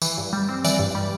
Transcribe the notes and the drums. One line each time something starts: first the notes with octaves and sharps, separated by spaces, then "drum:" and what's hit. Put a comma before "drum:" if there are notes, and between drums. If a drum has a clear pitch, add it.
E3, drum: tambourine
G2
G3
C4
E3 D5, drum: tambourine
G2
G3